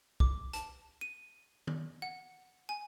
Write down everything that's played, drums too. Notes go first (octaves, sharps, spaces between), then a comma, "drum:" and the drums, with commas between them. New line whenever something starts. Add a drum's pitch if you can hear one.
D6, drum: kick
A5, drum: hi-hat
D#7
drum: tom
F#5
G#5